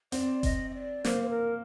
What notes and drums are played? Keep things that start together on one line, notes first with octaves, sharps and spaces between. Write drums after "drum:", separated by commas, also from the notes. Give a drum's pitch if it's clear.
C4 D5, drum: hi-hat
D#5, drum: kick F#1, hi-hat
D#5
D5
A#3 C5, drum: snare
C5
A#4